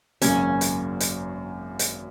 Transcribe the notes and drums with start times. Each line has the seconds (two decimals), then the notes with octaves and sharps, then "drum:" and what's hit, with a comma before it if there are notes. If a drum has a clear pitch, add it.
0.22 G#1 F#2 C#3 F#3 A#3 C#4, drum: hi-hat
0.61 drum: hi-hat
1.00 drum: hi-hat
1.79 drum: hi-hat